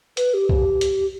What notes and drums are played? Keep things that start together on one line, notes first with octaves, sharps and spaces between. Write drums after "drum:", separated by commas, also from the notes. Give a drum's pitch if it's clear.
B4, drum: hi-hat
G4
drum: kick
drum: hi-hat